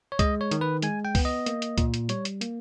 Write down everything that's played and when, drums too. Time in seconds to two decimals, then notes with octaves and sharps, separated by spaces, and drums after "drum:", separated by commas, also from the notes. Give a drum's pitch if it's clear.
0.12 C#5
0.19 G#3 D#5, drum: kick C#2, hi-hat
0.41 C#5
0.51 D#3, drum: hi-hat
0.61 B4
0.82 G#3 G#5, drum: hi-hat
1.05 G5
1.15 B3, drum: kick C#2, open hi-hat
1.25 D#5
1.46 A#3, drum: hi-hat
1.62 drum: hi-hat
1.78 A#2, drum: kick C#2, hi-hat
1.94 drum: hi-hat
2.09 G3 C#5, drum: hi-hat
2.25 drum: hi-hat
2.41 A#3, drum: hi-hat